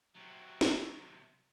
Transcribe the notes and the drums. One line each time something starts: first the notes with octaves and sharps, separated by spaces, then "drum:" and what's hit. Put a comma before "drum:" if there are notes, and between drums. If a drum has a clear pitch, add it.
C3 F#3
drum: snare